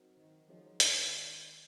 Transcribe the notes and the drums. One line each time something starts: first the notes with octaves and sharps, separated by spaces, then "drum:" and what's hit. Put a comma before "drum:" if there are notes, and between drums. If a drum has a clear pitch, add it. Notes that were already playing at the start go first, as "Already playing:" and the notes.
Already playing: F#3 C4 D#4 F#4 A#4
D#3
C#3 F3 G#3 D#4 F#4 C#5
D#3, drum: hi-hat